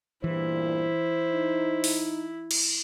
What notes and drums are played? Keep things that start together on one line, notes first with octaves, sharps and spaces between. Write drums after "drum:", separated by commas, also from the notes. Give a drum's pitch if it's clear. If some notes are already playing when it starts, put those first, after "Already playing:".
E2 G2 A#2 E3 E4 C5
D#4
drum: open hi-hat
drum: cymbal